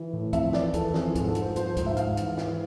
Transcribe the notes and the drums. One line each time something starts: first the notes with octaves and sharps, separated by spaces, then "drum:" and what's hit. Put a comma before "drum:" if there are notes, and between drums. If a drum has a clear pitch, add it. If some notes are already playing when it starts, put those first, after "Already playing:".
Already playing: E3
A2
F2 E5, drum: kick, hi-hat
E3 D5, drum: snare
E3 A4, drum: kick, hi-hat
A4
F2 G#4, drum: snare
G#2, drum: kick, hi-hat
A4
F3, drum: hi-hat
C5
F3 C5, drum: hi-hat
C5
G#2, drum: kick, hi-hat
E5
G#2 F5, drum: hi-hat
E3, drum: hi-hat
E3, drum: snare